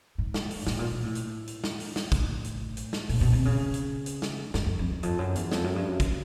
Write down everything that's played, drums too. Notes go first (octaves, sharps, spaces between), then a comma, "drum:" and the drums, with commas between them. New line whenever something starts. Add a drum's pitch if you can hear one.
G#2
drum: snare
drum: open hi-hat
A2, drum: snare
A#2
A#2
A2
drum: hi-hat
drum: hi-hat
drum: snare
drum: open hi-hat
drum: snare
A2, drum: kick, hi-hat
drum: hi-hat
drum: hi-hat
drum: snare
A#2, drum: open hi-hat
B2
C3
C#3
drum: hi-hat
drum: hi-hat
drum: snare
G2, drum: snare
F#2
F2
E2
F2, drum: hi-hat
F#2
E2, drum: hi-hat
F2, drum: snare
F#2
G2
F#2
drum: kick, hi-hat